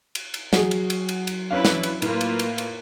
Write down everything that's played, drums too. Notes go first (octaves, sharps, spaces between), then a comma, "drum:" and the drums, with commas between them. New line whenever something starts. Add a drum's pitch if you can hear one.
drum: cymbal
drum: cymbal
F#3 F#4 G#4, drum: snare
drum: cymbal
drum: cymbal
drum: cymbal
drum: cymbal
C#4 D4 E4 B4 F5
drum: snare
drum: cymbal
A2 A#3 F4 B4, drum: cymbal
drum: cymbal
drum: cymbal
drum: cymbal